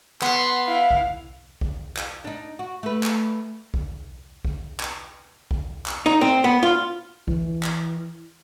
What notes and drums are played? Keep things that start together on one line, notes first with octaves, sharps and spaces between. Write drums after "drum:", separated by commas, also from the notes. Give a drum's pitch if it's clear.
B3 C6, drum: clap
E4 F5
drum: kick A1
drum: kick A1
drum: clap
D4 D#4
F#4
A3 B4
drum: clap
drum: kick A1
drum: kick A1
drum: clap
drum: kick A1
drum: clap
D#4
C4
B3
F4
E3, drum: kick A1
drum: clap